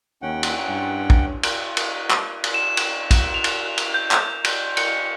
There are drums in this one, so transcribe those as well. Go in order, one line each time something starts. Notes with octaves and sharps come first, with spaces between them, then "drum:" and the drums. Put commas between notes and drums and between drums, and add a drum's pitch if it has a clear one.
D#2 C#4 F#5 G5
drum: cymbal
G2
drum: kick
drum: cymbal
drum: cymbal
drum: clap
drum: cymbal
E7
drum: cymbal
drum: kick, cymbal
F7
drum: cymbal
drum: cymbal
G6
drum: clap
drum: cymbal
C#7, drum: cymbal